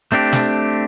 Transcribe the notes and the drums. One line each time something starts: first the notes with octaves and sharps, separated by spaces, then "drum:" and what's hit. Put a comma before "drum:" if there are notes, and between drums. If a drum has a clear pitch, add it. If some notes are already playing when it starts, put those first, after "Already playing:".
A3 C4 D4 G4
drum: snare